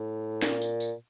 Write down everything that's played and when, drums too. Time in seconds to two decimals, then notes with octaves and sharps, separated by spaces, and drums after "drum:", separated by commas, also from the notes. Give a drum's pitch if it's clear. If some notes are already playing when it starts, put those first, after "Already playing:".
Already playing: A2
0.42 A#2, drum: snare
0.61 drum: tambourine
0.80 drum: tambourine